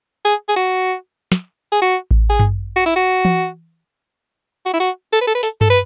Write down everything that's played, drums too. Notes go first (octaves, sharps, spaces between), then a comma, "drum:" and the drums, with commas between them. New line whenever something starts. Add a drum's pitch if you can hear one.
G#4
G#4
F#4
drum: snare
G#4
F#4
drum: kick A1
G#4
drum: tom G2
F#4
E4
F#4
drum: tom E3
F#4
E4
F#4
A4
B4
A4
B4
A4, drum: hi-hat
A4, drum: tom G2
B4